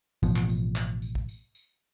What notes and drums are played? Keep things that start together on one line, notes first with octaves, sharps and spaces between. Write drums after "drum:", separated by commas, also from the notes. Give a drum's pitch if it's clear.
A1 B2 F3, drum: kick, tambourine
drum: clap
drum: tambourine
drum: clap
drum: tambourine
drum: kick
drum: tambourine
drum: tambourine